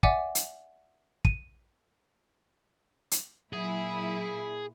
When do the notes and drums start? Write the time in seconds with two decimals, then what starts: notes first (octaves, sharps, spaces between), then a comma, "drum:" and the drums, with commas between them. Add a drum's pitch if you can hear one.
0.03 D5 E5 F#5 G#5 D6, drum: kick
0.35 drum: hi-hat
1.25 D#7, drum: kick
3.11 drum: hi-hat
3.53 A#2 F#3 E4 G#4